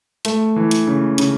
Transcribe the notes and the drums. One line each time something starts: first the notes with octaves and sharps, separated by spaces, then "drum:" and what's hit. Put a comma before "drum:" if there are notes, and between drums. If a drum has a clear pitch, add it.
A3, drum: hi-hat
E3
drum: hi-hat
C#3
C#3, drum: hi-hat